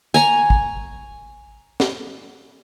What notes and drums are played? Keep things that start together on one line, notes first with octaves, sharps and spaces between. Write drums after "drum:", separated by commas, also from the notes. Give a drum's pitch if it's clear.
G#5 A#5 C#6, drum: tambourine
drum: kick
drum: snare